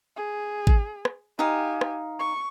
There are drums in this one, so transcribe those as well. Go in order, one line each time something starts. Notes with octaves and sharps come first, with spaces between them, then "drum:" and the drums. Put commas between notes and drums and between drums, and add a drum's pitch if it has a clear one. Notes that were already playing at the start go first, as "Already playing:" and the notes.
G#4
drum: kick G#1
drum: rim click
D#4 G4 F5 G#5
drum: rim click
C#6